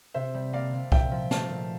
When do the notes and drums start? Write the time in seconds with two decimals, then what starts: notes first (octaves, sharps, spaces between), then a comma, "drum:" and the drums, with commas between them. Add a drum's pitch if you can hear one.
0.14 C3 C5 E5
0.34 G3
0.53 A#3 D5 F5
0.73 C3
0.92 A#2 E5 G5, drum: kick C2
1.12 F3
1.31 A3 F5 A5, drum: snare
1.50 A#2